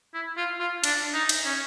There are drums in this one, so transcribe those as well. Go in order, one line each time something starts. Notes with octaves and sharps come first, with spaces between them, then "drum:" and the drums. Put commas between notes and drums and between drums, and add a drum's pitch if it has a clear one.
E4
F4
F4
D4, drum: cymbal
D#4
drum: cymbal
C#4